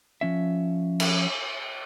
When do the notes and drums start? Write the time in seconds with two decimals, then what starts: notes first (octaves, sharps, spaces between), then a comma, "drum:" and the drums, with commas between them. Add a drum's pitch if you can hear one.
0.21 F3 C#4 E5
1.00 drum: cymbal